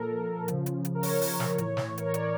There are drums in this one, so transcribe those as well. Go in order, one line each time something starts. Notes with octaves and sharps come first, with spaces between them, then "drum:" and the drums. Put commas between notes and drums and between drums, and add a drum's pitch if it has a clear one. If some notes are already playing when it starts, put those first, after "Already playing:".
Already playing: A#2 F3 A4 A#4
C#3 F3, drum: hi-hat
drum: hi-hat
drum: hi-hat
A#4
C#5, drum: open hi-hat
drum: open hi-hat
drum: snare
A2 E3, drum: hi-hat
drum: snare
A#4, drum: hi-hat
C#5
D5, drum: hi-hat